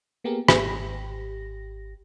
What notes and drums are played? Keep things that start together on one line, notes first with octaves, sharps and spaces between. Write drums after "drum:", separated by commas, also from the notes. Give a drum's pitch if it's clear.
A#3 B3 G4 G#4 A#4
G#1 G4 A#6, drum: rim click